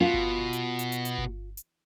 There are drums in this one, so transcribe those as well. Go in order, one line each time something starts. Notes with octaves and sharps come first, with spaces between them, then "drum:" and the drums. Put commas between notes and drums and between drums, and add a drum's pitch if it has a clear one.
B2 F4
drum: kick G1
drum: hi-hat
drum: hi-hat
drum: hi-hat
drum: hi-hat
drum: kick G1
drum: hi-hat